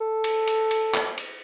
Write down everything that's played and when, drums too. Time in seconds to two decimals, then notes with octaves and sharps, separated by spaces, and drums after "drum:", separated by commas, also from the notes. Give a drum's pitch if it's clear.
0.01 A4
0.24 drum: cymbal
0.48 drum: cymbal
0.71 drum: cymbal
0.94 drum: clap
1.18 drum: cymbal